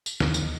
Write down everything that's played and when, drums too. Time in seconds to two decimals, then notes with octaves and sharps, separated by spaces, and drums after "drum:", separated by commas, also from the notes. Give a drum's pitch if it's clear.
0.06 drum: tambourine
0.20 D#2 D#3, drum: snare
0.34 drum: tambourine